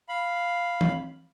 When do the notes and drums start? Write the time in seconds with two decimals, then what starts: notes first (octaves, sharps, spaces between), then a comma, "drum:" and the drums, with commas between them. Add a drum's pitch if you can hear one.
0.09 F5 B5
0.81 drum: tom E3